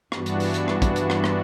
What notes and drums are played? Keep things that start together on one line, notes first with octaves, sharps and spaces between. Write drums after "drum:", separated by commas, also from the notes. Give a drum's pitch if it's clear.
G2 E3 B3 D4 F#4, drum: rim click
drum: hi-hat
drum: open hi-hat
drum: hi-hat
drum: rim click
drum: kick, hi-hat
drum: hi-hat
drum: rim click
drum: rim click